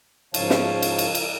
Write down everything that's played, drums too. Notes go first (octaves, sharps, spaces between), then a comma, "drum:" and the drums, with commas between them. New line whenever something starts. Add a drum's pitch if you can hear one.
G#2 C#3 F3 C#5 F5 A5, drum: cymbal
drum: snare
drum: cymbal
drum: cymbal
drum: cymbal